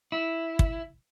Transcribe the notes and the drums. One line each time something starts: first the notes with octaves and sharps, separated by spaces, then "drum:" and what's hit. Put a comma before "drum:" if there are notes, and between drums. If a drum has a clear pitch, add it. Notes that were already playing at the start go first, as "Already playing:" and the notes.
E4
drum: kick